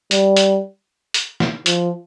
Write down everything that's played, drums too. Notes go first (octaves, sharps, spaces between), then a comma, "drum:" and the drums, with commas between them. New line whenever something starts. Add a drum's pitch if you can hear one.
G3, drum: hi-hat
drum: hi-hat
drum: hi-hat
drum: snare
F3, drum: hi-hat